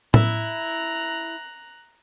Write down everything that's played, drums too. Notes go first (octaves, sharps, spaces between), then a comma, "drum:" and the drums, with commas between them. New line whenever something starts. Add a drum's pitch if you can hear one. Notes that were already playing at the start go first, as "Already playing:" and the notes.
E4 A#5 F#6, drum: tom A2